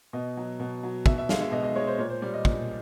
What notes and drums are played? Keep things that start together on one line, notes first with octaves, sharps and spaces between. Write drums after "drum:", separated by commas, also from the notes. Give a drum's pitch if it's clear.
B2 D#5
F#3
B2
F#3
B2 E5, drum: kick
E5
G#3 F5, drum: snare
E5
B2 D#5
D#5
G#3 C#5
C5
A#2 C#5
C5
G3 D5
D#5
A#2, drum: kick